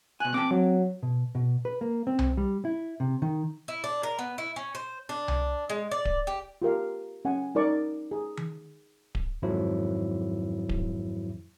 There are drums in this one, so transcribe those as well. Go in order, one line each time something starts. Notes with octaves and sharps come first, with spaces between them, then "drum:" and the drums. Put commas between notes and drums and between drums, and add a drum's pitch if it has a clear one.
B2 G#5 F#6
C4 G5 A5 D6
F#3
B2
B2
B4
A#3
C4
drum: tom C2
G3
E4
C3
D#3
E4
D4
A#4
B3
E4
C#4
C5
D4
drum: tom C2
G#3
D5
drum: kick D1
G4
F4 G4 A#4 F5
C#4 F#5 G#5
D#4 A#4 D5 C#6
G#4 A#5
drum: tom D#3
drum: kick D1
F2 G#2 D#3 F3 F#3 E4
drum: kick D1